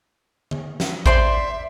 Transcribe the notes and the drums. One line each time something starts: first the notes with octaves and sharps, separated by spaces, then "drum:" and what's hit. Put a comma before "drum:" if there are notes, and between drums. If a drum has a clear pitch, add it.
drum: tom
drum: snare
C5 D5 E5 C6, drum: kick A1